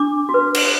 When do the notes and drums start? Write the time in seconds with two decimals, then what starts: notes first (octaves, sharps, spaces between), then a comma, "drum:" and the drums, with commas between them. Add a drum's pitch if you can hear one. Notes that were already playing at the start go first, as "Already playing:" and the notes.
Already playing: D4 D6
0.29 F#4
0.34 B4
0.55 drum: cymbal